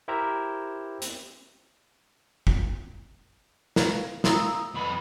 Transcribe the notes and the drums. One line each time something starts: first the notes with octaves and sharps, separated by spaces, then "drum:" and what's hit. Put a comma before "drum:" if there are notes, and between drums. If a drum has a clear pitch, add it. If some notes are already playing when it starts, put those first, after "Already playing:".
E4 G4 A#4 C5 E5 A#5
drum: hi-hat
drum: kick
A#4 B4 F5, drum: snare
E4 F4 A#5 D#6 E6, drum: snare
F2 B4 B5